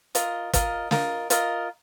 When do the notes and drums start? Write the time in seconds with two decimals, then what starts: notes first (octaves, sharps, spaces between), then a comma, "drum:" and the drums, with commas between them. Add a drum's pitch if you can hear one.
0.15 F4 A#4 D#5, drum: hi-hat
0.53 F4 A#4 D#5, drum: kick, hi-hat
0.91 F4 A#4 D#5, drum: snare
1.30 F4 A#4 D#5, drum: hi-hat